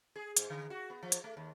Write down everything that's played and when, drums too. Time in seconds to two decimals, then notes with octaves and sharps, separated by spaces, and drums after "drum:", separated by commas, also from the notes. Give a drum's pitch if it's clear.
0.16 G#4
0.37 G#2, drum: hi-hat
0.50 D3
0.70 F#4
0.90 B3
1.03 F3
1.12 drum: hi-hat
1.24 A3
1.37 D#2